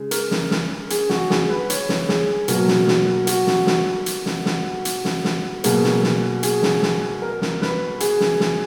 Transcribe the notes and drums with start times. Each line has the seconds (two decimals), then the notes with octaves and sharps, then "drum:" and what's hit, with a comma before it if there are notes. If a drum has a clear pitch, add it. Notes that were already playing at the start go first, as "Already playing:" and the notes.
Already playing: C#3 G#3
0.11 A#4, drum: hi-hat
0.31 drum: snare
0.51 drum: snare
0.90 G#4, drum: hi-hat
1.10 F#4, drum: snare
1.30 G#4, drum: snare
1.50 B4
1.70 C#5, drum: hi-hat
1.89 drum: snare
2.09 G#4, drum: snare
2.48 B2 F#3 A#3 A#4, drum: hi-hat
2.68 drum: snare
2.88 drum: snare
3.27 F#4, drum: hi-hat
3.47 drum: snare
3.67 drum: snare
4.06 drum: hi-hat
4.26 drum: snare
4.46 drum: snare
4.85 drum: hi-hat
5.05 drum: snare
5.25 drum: snare
5.64 B2 F#3 A#3 G#4, drum: hi-hat
5.84 drum: snare
6.03 drum: snare
6.43 G#4, drum: hi-hat
6.63 drum: snare
6.82 drum: snare
7.22 A#4
7.42 drum: snare
7.62 B4, drum: snare
8.00 G#4, drum: hi-hat
8.21 drum: snare
8.40 drum: snare